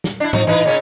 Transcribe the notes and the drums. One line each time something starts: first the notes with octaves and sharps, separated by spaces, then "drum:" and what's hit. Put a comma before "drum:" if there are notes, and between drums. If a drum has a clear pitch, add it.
drum: snare
D4 E4
F3 D#4, drum: tom G#2
E3 D#4 B4
A#2 C#3 C#4